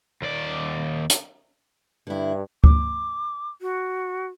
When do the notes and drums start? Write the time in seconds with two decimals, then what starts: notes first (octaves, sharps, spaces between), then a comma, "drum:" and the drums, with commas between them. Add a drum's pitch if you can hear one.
0.22 D#2 D5
1.10 drum: hi-hat
2.07 G2 D3 E4
2.64 D6, drum: kick D2
3.62 F#4